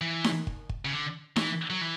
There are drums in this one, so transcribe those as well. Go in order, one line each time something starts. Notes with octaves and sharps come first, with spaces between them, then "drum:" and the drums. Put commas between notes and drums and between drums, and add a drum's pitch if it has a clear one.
E3
drum: snare D#4
drum: kick
drum: kick
C#3
D3
E3, drum: snare D#4
F#3
E3